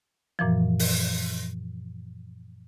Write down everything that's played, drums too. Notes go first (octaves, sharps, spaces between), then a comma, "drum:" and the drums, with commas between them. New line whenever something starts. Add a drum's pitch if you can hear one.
F#2 A#2 E3 F3
drum: open hi-hat